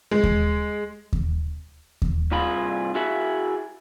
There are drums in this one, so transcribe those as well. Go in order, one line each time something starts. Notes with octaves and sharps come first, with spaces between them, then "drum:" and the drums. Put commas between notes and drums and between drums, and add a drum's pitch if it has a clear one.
G#3
drum: kick D#2
drum: kick D#2
drum: kick D#2
C2 G2 F4 G#4 B5
E4 F#4 G#4 E5